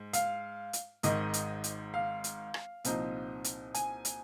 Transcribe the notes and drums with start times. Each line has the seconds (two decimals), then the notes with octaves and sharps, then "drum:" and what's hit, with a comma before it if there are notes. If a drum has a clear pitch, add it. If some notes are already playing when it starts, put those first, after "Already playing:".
Already playing: G#2
0.13 F5, drum: hi-hat
0.73 drum: hi-hat
1.03 G#1 G#2 D#3 D#5, drum: hi-hat
1.34 drum: hi-hat
1.64 drum: hi-hat
1.94 F5
2.24 drum: hi-hat
2.54 drum: rim click
2.85 C2 A#2 F3 C4 D#4, drum: hi-hat
3.44 drum: hi-hat
3.74 G#5, drum: hi-hat
4.05 drum: hi-hat